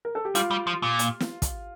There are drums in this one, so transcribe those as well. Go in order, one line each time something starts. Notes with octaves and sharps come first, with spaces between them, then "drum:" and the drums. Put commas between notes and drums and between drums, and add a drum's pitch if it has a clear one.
A#4
A4
G4
G3 F4, drum: hi-hat
G3
F3
A#2
drum: hi-hat
drum: snare
drum: kick, hi-hat